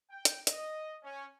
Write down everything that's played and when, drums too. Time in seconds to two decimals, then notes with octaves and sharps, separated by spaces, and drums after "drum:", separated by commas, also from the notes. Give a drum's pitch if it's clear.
0.10 G5
0.25 drum: hi-hat
0.47 D#5, drum: hi-hat
1.03 C#4